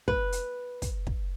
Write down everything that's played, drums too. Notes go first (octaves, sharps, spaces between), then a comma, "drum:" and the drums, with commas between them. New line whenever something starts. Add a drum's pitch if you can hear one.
B4, drum: kick
drum: hi-hat
drum: kick, hi-hat
drum: kick